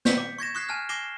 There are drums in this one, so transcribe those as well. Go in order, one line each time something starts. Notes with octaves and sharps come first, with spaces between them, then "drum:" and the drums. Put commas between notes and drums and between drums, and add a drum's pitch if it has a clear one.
G6 B6 C#7, drum: snare
D6
C#6 G#6 A#6 E7
C#6 D#6 F#6 G#6 B6 C7
G#5 A5 F6 F#6
G#5 D6 A#6 C7 E7 G7